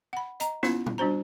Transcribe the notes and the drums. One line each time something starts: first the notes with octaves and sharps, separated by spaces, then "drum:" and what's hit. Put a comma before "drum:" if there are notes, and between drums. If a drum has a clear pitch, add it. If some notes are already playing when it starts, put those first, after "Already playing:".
F#5 B5
D#5 A#5, drum: hi-hat
B3 C#4 E4 F4, drum: snare
drum: tom A#2
G3 D4 F#4 C5 A#5